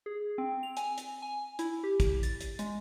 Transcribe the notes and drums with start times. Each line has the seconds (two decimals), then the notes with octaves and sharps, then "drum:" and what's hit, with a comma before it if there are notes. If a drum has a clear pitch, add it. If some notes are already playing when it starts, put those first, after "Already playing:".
0.06 G#4
0.38 C4
0.63 F7
0.77 G#5, drum: hi-hat
0.98 drum: hi-hat
1.22 G#5
1.59 E4, drum: hi-hat
1.84 G4
2.00 drum: kick, hi-hat
2.23 A6, drum: hi-hat
2.41 drum: hi-hat
2.59 G#3, drum: hi-hat